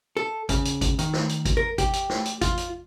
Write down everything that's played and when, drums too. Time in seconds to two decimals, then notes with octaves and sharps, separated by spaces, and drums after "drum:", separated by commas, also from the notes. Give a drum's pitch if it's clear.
0.17 A4
0.49 C#3, drum: kick G#1, hi-hat
0.65 drum: hi-hat
0.81 drum: kick G#1, hi-hat
0.99 D#3, drum: hi-hat
1.13 drum: snare
1.29 drum: hi-hat
1.45 drum: kick G#1, hi-hat
1.57 A#4
1.78 G4, drum: kick G#1, hi-hat
1.93 drum: hi-hat
2.09 drum: snare
2.25 drum: hi-hat
2.41 F4, drum: kick G#1, hi-hat
2.57 drum: hi-hat